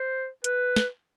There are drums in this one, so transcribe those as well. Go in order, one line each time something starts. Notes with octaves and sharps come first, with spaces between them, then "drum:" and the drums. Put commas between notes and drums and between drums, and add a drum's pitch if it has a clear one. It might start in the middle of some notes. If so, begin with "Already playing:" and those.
Already playing: C5
B4, drum: hi-hat
drum: snare